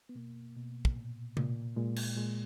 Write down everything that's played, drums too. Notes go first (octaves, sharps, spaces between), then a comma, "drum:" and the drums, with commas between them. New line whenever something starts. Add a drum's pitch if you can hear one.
B3
B2 A#3
B2
drum: kick
A#2
A#2, drum: tom C3
A#2 G#3
drum: cymbal
A#2 G#3